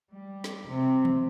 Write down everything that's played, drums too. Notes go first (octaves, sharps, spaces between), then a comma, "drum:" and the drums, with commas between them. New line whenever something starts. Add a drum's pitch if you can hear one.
G3
drum: snare
C3
drum: tom